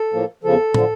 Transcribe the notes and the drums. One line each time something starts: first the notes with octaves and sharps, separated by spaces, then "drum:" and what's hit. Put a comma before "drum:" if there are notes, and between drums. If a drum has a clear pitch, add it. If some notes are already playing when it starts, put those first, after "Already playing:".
Already playing: A4
A2 F3 A#3
E2 C#3 F3 A4
D3 F3, drum: tom